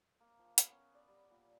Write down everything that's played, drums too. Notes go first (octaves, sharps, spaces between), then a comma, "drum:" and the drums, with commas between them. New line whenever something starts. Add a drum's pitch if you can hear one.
A#3
F3
B3, drum: hi-hat
C#4
D5
G3
A#2